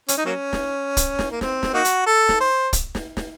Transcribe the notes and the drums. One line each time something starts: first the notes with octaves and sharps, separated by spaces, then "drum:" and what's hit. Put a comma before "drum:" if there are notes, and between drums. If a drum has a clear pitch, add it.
C#4, drum: hi-hat
D#4
F#3 A#3 C#4
drum: snare
drum: kick, hi-hat
drum: snare
A#3
C4, drum: snare
drum: snare
A#3 D#4 F#4
drum: hi-hat
A4
drum: snare
C5
drum: kick, hi-hat
drum: snare
drum: snare